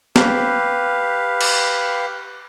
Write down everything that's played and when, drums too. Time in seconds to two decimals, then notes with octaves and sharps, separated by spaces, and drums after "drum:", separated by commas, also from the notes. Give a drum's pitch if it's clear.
0.16 G4 B4 F5, drum: snare
1.41 drum: cymbal